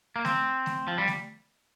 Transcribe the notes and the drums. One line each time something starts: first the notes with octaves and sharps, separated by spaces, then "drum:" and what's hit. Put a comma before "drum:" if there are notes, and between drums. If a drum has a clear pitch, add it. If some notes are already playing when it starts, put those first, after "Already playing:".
A#3
C4, drum: snare A3
drum: snare A3
F3
G3
drum: snare A3